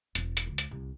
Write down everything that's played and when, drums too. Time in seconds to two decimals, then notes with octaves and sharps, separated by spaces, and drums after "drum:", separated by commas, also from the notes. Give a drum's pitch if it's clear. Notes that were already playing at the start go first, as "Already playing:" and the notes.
0.15 E1, drum: hi-hat
0.37 drum: hi-hat
0.47 C#2
0.58 drum: hi-hat
0.71 C2